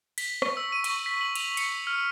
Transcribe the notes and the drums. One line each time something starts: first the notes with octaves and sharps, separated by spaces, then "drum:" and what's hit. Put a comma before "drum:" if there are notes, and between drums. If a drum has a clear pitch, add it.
B6, drum: cymbal
C#6, drum: rim click
E6
D#7
C#6, drum: cymbal
B6
F#7
F7, drum: cymbal
C#7, drum: cymbal
F6